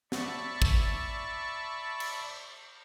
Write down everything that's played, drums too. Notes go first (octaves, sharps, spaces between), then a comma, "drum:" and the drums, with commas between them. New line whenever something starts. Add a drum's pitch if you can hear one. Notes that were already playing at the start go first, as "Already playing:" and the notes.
D5 E5 A5 B5 C#6, drum: snare
drum: kick
drum: cymbal